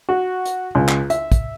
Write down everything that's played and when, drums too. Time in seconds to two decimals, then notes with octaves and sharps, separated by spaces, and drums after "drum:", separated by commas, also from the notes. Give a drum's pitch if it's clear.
0.09 F#4
0.45 drum: hi-hat
0.75 C#2
0.88 drum: clap
1.10 E5, drum: hi-hat
1.32 drum: kick, hi-hat